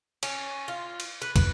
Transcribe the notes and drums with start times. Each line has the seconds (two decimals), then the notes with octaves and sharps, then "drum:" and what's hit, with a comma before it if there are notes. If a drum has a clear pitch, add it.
0.23 C#4, drum: cymbal
0.68 F4
1.00 drum: cymbal
1.22 B4
1.36 B4, drum: kick, cymbal